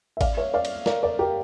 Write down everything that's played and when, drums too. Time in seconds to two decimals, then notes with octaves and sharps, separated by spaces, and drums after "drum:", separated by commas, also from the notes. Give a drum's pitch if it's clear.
0.17 E5
0.21 D5 F5, drum: kick G#1, cymbal
0.37 C#5 E5
0.54 D5 F5
0.65 drum: cymbal
0.86 A#4 D5, drum: snare
1.03 A#4 D5
1.19 G4 A#4